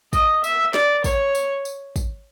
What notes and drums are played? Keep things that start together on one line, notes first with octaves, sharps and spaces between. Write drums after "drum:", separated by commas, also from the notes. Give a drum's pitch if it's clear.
D#5, drum: kick, tambourine
E5, drum: tambourine
D5, drum: snare
C#5, drum: kick, tambourine
drum: tambourine
drum: tambourine
drum: kick, tambourine